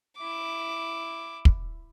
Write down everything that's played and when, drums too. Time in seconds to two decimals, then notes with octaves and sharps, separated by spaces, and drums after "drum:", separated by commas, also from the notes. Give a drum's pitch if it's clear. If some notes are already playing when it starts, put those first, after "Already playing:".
0.18 E4 D6
1.45 drum: kick